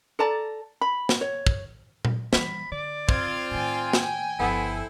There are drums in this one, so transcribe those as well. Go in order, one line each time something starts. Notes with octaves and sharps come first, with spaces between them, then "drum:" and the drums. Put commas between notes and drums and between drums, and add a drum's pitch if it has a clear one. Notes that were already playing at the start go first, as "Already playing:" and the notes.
A4 D5 A5 A#5
B5
drum: snare
C#5
drum: kick
drum: tom A#2
E3 G3 B5, drum: snare
D3 D5
C4 F4 G#6, drum: kick
A2 D#3 G5 G#5
drum: snare
G1 F3 B3 E4 A4 C5